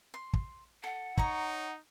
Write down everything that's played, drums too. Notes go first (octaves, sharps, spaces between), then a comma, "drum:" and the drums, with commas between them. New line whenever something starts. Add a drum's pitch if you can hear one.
C6
drum: kick
A4 F#5
D#4 C#5 A#5 C#6, drum: kick